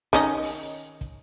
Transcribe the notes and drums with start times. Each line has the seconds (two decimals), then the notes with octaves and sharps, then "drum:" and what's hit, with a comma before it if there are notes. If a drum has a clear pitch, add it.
0.13 D#3 C#4 D#4, drum: kick
0.42 drum: open hi-hat
1.01 drum: kick, hi-hat